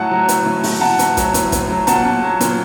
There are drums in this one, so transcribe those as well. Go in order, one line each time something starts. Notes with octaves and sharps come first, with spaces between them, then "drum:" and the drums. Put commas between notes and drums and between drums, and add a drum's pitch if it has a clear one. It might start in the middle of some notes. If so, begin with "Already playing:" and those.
Already playing: A2 F#3 F#5 A5
F#3
A2, drum: hi-hat
A2
A2, drum: open hi-hat
A2 F#5 A5
A2, drum: hi-hat
F#3, drum: kick, hi-hat
A2, drum: hi-hat
A2, drum: kick, hi-hat
F#3
A#2 F#5 A5, drum: hi-hat
A#2
F#3
A#2, drum: hi-hat